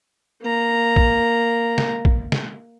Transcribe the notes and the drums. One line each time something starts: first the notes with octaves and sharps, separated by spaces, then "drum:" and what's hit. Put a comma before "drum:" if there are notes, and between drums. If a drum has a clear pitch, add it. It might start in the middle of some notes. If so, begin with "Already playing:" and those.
A#3 A#5
drum: kick
drum: snare
drum: kick
drum: snare